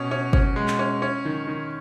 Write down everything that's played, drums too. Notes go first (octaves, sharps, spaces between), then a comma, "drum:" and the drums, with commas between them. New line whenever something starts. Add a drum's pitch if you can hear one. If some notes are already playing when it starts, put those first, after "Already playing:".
Already playing: B2 C#4
C#4
C#4, drum: kick G1
G#3
drum: clap
C#4
C#4
D#3
D#3